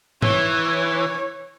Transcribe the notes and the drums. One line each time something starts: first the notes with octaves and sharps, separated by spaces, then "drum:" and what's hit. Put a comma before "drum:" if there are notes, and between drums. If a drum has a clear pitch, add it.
E3 C#5, drum: tom G#2